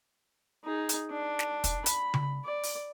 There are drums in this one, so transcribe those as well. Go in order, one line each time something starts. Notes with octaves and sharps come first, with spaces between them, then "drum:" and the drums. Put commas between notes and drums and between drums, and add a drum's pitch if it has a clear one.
D#4 G#4
drum: hi-hat
D4
drum: snare
drum: kick, hi-hat
B5, drum: hi-hat
drum: tom C#3
D5
drum: open hi-hat